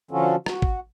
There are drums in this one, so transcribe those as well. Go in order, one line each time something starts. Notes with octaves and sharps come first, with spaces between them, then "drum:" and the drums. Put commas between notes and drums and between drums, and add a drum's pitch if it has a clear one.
D3 F3 C#4 F4 F#4 A4
F#4, drum: rim click
drum: kick